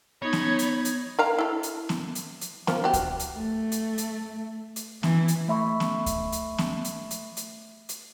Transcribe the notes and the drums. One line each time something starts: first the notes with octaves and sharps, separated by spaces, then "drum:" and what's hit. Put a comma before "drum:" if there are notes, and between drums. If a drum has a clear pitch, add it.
B3 D#4 C#5 B5 G#6
drum: snare
drum: hi-hat
drum: hi-hat
A#4 F5 A#5
E4 A4
drum: hi-hat
drum: snare
drum: hi-hat
drum: hi-hat
F3 A#3, drum: snare
F#4 G4
drum: kick D2, hi-hat
drum: hi-hat
A3
drum: hi-hat
drum: hi-hat
drum: hi-hat
E3, drum: snare
drum: hi-hat
A3 E5 B5 C#6
drum: snare
drum: kick D2, hi-hat
drum: hi-hat
drum: snare
drum: hi-hat
drum: hi-hat
drum: hi-hat
drum: hi-hat